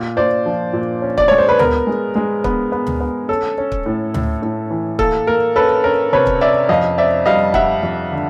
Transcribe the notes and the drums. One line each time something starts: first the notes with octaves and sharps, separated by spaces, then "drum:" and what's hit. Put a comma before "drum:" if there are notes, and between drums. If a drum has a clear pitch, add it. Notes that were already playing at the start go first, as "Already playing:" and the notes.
Already playing: A#2
A#2 C5 D5
F3
A#2
C#4
D5, drum: kick
G#3 C#5
C5
B4
B3 A#4, drum: tom D2
G#3
G#3
B3, drum: kick
B3
drum: tom D2
B3
C#4 A4
C#4
drum: kick
A2
A2, drum: tom D2
A2
E3
A#3 A4, drum: kick
A#3 A#4
C#4 A4 B4
C#4 A#4
C3 B4 C#5
drum: kick
C#4 D5 E5
F2 D#5 F5
C4 D5 E5
G3 D#5 F5
G3 E5 F#5, drum: kick
F2
D3